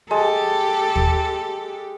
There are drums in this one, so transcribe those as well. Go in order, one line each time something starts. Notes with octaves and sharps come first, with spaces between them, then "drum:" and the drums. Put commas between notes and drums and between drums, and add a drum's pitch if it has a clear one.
G#3 G4 A4 A5
drum: kick D#2